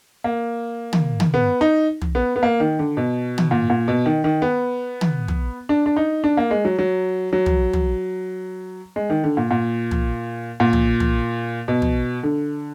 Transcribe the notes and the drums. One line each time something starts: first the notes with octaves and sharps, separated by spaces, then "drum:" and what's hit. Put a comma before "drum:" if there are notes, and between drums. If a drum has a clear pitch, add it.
A#3
drum: tom
drum: tom
B3
D#4
drum: tom
B3
B3
A#3
D#3
D3
B2
drum: tom
A#2
A#2
B2
D#3
D#3
B3
drum: tom
drum: tom
D4
D4
D#4
D4
A#3
G#3
F#3
F#3
F#3
drum: tom
drum: tom
G#3
D#3
D3
A#2
A#2
drum: tom
A#2
drum: tom
drum: tom
B2
drum: tom
D3